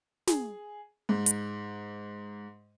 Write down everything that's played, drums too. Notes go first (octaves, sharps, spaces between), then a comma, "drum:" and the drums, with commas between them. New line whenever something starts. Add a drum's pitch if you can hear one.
G#4, drum: snare
G#2
drum: hi-hat